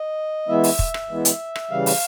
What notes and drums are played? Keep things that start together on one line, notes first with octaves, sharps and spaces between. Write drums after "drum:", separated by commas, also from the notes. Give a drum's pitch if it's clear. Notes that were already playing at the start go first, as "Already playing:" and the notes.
Already playing: D#5
E3 G#3 B3 E4 E5
drum: open hi-hat
drum: kick
drum: rim click
E3 G#3 B3 E4
drum: hi-hat
drum: rim click
C#3 E3 G3 F5
drum: open hi-hat